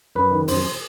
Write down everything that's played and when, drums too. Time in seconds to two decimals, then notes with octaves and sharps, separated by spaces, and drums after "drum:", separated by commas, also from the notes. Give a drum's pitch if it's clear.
0.15 F#2 B4
0.31 D#3
0.48 F#2 C5, drum: open hi-hat